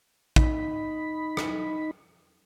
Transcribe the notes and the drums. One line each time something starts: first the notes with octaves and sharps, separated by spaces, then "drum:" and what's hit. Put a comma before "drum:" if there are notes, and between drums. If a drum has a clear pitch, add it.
D#4 B5, drum: kick
drum: rim click